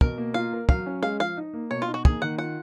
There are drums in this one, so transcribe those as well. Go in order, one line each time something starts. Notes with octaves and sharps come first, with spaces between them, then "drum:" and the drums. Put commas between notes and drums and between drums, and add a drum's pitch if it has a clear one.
B2 A#4, drum: kick
A#3
F4 F5
A#4
F#3 F5, drum: kick
C#4
G#3 F5
F3 F5
D#4
A#3
B2 C#5
F4
D#4
F#4
A#3 G#4, drum: kick
D#3 F#5
F4 F#5